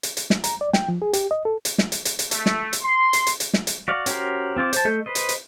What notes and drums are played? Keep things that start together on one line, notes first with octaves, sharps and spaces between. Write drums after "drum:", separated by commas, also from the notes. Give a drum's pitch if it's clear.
drum: hi-hat
drum: hi-hat
drum: snare
A#5, drum: hi-hat
D5
G5, drum: snare
F3
G#4
G4, drum: hi-hat
D#5
A4
drum: hi-hat
drum: snare
drum: hi-hat
drum: hi-hat
drum: hi-hat
A3, drum: hi-hat
drum: snare
drum: hi-hat
C6
drum: hi-hat
drum: hi-hat
drum: hi-hat
drum: snare
drum: hi-hat
F#4 D5 F5
C#4 F#4 G4 A#4 C5, drum: hi-hat
C4 F4 C5 D6
C5 A5, drum: hi-hat
A3 A4 D#5 G6
B4 C5 D#5
drum: hi-hat
drum: hi-hat